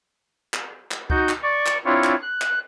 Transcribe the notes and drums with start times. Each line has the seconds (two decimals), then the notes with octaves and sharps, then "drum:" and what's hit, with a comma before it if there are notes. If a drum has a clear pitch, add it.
0.54 drum: clap
0.91 drum: clap
1.10 D#4 F#4 G6, drum: kick C#2
1.29 drum: clap
1.43 D5 C#6
1.66 drum: clap
1.85 C4 D4 E4 F4 C#5
2.04 drum: clap
2.22 F#6
2.41 drum: clap